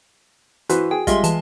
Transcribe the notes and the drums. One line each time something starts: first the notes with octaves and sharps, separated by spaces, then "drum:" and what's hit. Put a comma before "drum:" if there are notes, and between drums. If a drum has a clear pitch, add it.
E3 F#4 B4 C5, drum: hi-hat
G#4 G5
G3 G#3 F4 D#5 E5 C6, drum: kick, hi-hat
E3 A5, drum: hi-hat